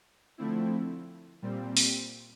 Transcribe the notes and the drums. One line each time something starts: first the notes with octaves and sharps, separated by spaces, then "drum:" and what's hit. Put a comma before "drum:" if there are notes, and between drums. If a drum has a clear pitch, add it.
D3 F3 A3 C4 E4
A#2 G3 C4
drum: open hi-hat